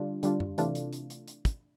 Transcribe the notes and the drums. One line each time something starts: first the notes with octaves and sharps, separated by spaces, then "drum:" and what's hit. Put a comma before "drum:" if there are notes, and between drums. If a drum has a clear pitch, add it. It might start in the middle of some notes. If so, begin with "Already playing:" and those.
Already playing: D3 G3 D4 F4
D3 G3 D4 F4, drum: hi-hat
drum: tom F#2
C3 E3 A3 D4 F4, drum: hi-hat
drum: hi-hat
drum: hi-hat
drum: hi-hat
drum: hi-hat
drum: kick, hi-hat